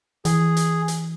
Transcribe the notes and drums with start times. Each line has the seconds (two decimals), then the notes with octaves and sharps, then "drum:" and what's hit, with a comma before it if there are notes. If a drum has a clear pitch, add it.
0.25 E3 G#4, drum: hi-hat
0.57 drum: hi-hat
0.88 drum: hi-hat